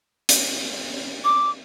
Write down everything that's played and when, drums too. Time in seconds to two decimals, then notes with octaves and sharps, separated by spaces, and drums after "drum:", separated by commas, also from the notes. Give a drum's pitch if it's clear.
0.29 drum: hi-hat
1.24 D6